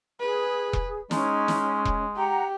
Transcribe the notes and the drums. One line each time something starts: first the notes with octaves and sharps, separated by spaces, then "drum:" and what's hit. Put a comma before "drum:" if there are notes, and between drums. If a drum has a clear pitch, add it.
G#4 B4
drum: kick E1
G#3 C#4 D#4, drum: snare
drum: snare
drum: kick E1
G4 F#5 A#5